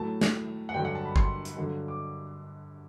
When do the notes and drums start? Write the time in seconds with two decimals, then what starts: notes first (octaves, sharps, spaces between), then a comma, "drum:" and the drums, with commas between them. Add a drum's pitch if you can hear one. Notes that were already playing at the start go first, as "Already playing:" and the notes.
Already playing: A2 F#3 A3 A5
0.21 drum: snare
0.69 F#5
0.74 G2 D3 F#3 G5
0.85 F#5
0.95 A5
1.05 B5
1.16 C6, drum: kick
1.45 drum: hi-hat
1.57 G2 D3 F#3
1.88 D6